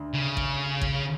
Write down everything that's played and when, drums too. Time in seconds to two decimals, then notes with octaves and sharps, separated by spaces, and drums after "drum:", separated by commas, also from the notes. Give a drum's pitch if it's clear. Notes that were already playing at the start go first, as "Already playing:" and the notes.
Already playing: D2
0.14 C#3
0.37 drum: kick A1
0.81 drum: kick A1